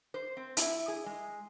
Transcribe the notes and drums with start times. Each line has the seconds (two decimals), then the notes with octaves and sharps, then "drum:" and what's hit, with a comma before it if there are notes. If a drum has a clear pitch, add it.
0.14 C5
0.37 C4
0.57 E4, drum: hi-hat
0.88 G#4
1.06 G#3